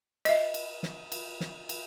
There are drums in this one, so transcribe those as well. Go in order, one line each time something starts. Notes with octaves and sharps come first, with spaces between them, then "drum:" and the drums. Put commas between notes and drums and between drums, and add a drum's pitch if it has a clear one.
D#5 E5, drum: cymbal
drum: cymbal
drum: snare
drum: cymbal
drum: snare
drum: cymbal